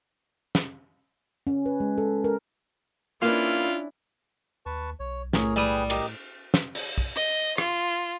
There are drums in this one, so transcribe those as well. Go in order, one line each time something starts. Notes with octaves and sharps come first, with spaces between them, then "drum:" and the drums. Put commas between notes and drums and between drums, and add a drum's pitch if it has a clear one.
drum: snare
C#4
B4
G#3
A4
A#4
A#3 C#4 D4 E4 F4 B4
D#2 B4 A5 C#6
B1 C#5
A2 G#4 A#4 C#5, drum: snare
G3 G#4 B4 G5 D#6
G4 A#4 D#5, drum: cymbal
drum: snare
drum: open hi-hat
drum: kick
D#5
F4, drum: rim click